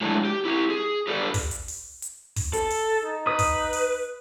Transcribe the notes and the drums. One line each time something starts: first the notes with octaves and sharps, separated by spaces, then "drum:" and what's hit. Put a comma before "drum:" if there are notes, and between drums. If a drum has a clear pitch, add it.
F#3 G#3 A3 D4 E4
G4
E4 G4
G#4
G4 A4 B4 D5
drum: kick, open hi-hat
drum: hi-hat
drum: open hi-hat
drum: hi-hat
drum: kick, open hi-hat
A4, drum: hi-hat
drum: open hi-hat
D#4
B4 D#6
drum: kick, open hi-hat
drum: open hi-hat